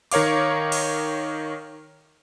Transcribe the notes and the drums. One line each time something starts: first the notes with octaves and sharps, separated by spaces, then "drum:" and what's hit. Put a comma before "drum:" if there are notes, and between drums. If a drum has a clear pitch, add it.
D#3 A#4 C#5 F5 D6, drum: open hi-hat
drum: cymbal